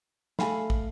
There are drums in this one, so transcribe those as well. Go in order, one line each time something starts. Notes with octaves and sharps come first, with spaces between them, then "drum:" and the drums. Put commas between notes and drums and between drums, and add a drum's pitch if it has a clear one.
A3 A4 F5 G#5 B5, drum: snare
drum: kick